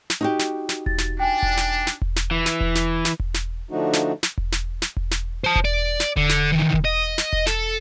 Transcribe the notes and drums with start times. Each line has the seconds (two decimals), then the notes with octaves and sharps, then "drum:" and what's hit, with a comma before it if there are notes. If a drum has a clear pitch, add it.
0.10 drum: snare
0.21 D#4 F#4 G4
0.39 drum: snare
0.69 drum: snare
0.86 A6, drum: kick E1
0.98 drum: snare
1.20 D4 G5 G#5
1.43 drum: kick E1
1.57 drum: snare
1.87 drum: snare
2.02 drum: kick E1
2.16 drum: snare
2.31 E3
2.46 drum: snare
2.61 drum: kick E1
2.75 drum: snare
3.05 drum: snare
3.20 drum: kick E1
3.34 drum: snare
3.71 D3 F3 A3 D4 D#4 F#4
3.93 drum: snare
4.23 drum: snare
4.38 drum: kick E1
4.52 drum: snare
4.82 drum: snare
4.97 drum: kick E1
5.11 drum: snare
5.44 C5 A5
5.56 drum: kick E1
5.65 D5
6.00 drum: snare
6.17 D3, drum: kick E1
6.29 drum: snare
6.52 D#3 E3
6.74 drum: kick E1
6.85 D#5
7.18 drum: snare
7.33 drum: kick E1
7.46 A4, drum: snare